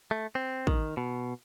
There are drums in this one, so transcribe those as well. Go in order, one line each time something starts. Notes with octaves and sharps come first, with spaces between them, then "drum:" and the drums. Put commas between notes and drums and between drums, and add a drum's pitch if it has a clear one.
A3
C4
D#3, drum: kick
B2